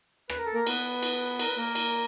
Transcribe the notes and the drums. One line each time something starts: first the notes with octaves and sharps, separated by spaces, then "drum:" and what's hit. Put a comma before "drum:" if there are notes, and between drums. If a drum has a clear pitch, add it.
B4, drum: rim click
A#4
A4
A#3 A#4
B3 B4, drum: cymbal
drum: cymbal
A#4, drum: cymbal
B4
A#3 A#4
drum: cymbal